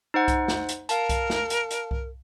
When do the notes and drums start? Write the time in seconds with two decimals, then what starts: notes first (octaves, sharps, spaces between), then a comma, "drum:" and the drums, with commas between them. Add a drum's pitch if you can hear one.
0.14 D#4 C5 F#5
0.28 drum: kick C2, hi-hat
0.48 drum: snare
0.69 drum: hi-hat
0.89 A#4 F5 A5, drum: hi-hat
1.09 drum: kick C2, hi-hat
1.30 drum: snare
1.50 drum: hi-hat
1.71 drum: hi-hat
1.91 drum: kick C2